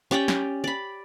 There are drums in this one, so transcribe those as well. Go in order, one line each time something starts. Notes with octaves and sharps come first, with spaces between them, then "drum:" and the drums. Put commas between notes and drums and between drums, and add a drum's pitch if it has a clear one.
C#4 G4 D5 G5
drum: snare
D5 B5